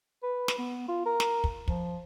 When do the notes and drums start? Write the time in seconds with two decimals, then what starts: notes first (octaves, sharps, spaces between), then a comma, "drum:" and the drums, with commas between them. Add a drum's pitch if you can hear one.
0.23 B4
0.48 drum: snare
0.59 B3
0.88 F4
1.06 A#4
1.20 drum: snare
1.44 drum: kick
1.68 F3, drum: kick